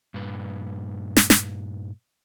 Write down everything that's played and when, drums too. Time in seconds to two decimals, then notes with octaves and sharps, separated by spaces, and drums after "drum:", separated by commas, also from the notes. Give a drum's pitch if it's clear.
0.14 G2 A#2 B4
1.17 drum: snare
1.30 drum: snare